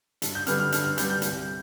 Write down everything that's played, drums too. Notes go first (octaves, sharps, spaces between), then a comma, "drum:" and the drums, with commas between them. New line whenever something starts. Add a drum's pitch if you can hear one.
G2, drum: hi-hat
G6
D3 G3 B3 F6, drum: hi-hat
F6
G2 F6, drum: hi-hat
F6
D3 G3 B3 G6, drum: hi-hat
G6
C2, drum: hi-hat